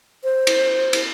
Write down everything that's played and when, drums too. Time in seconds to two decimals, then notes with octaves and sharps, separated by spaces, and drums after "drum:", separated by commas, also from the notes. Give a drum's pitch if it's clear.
0.24 C5
0.47 drum: cymbal
0.93 drum: cymbal